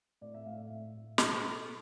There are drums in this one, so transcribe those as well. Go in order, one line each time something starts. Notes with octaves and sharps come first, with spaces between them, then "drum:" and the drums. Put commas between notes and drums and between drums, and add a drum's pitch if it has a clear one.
A2 D5
E5
A2 F5
E5
A2
A2
B2 G#4, drum: snare
B2 A4